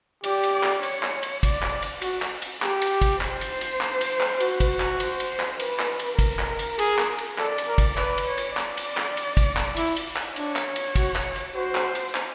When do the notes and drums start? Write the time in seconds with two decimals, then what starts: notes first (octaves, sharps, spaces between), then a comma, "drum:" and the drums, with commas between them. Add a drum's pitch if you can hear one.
0.24 G4 D5, drum: cymbal
0.43 drum: cymbal
0.54 D5
0.63 drum: clap
0.83 C#5, drum: cymbal
1.03 drum: clap
1.23 drum: cymbal
1.43 D5, drum: kick, cymbal
1.63 drum: clap
1.82 drum: cymbal
2.02 F#4, drum: cymbal
2.22 drum: clap
2.42 drum: cymbal
2.62 G4, drum: clap
2.82 drum: cymbal
3.02 drum: kick, cymbal
3.21 C5, drum: clap
3.41 drum: cymbal
3.61 drum: cymbal
3.81 drum: clap
4.01 drum: cymbal
4.21 drum: clap
4.40 F#4, drum: cymbal
4.60 drum: kick, cymbal
4.80 drum: clap
5.00 C5, drum: cymbal
5.20 drum: cymbal
5.40 drum: clap
5.60 B4, drum: cymbal
5.79 drum: clap
5.99 drum: cymbal
6.19 A#4, drum: kick, cymbal
6.39 drum: clap
6.59 drum: cymbal
6.79 G#4, drum: cymbal
6.99 drum: clap
7.18 drum: cymbal
7.38 A4 D5, drum: clap
7.58 drum: cymbal
7.68 A#4
7.78 drum: kick, cymbal
7.98 B4 D5, drum: clap
8.18 drum: cymbal
8.28 C#5
8.38 drum: cymbal
8.57 D5, drum: clap
8.77 drum: cymbal
8.97 drum: clap
9.17 drum: cymbal
9.37 drum: kick, cymbal
9.57 drum: clap
9.77 E4, drum: cymbal
9.96 drum: cymbal
10.16 drum: clap
10.36 D4 C#5, drum: cymbal
10.56 drum: clap
10.76 drum: cymbal
10.95 F#4, drum: kick, cymbal
11.16 drum: clap
11.35 drum: cymbal
11.55 F#4 C5
11.75 drum: clap
11.95 drum: cymbal
12.15 drum: clap